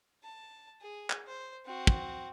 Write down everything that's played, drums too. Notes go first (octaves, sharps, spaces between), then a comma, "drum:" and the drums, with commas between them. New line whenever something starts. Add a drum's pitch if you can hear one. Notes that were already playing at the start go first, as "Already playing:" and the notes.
A5
G#4
drum: clap
C5
C4 F#4
drum: kick